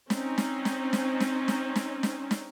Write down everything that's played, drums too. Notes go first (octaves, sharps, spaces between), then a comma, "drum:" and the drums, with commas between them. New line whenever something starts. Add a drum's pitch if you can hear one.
C4 C#4 D#4, drum: snare
drum: snare
drum: snare
drum: snare
drum: snare
drum: snare
drum: snare
drum: snare
drum: snare